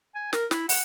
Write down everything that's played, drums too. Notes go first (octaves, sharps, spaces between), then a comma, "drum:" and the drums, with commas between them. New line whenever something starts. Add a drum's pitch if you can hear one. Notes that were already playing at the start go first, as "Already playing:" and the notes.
G#5
A#4, drum: snare
E4, drum: snare
F#5, drum: open hi-hat